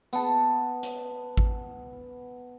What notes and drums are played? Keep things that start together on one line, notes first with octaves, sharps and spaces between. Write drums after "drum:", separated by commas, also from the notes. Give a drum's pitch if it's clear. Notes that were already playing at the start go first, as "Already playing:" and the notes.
B3 A5, drum: tambourine
drum: hi-hat
drum: kick G#1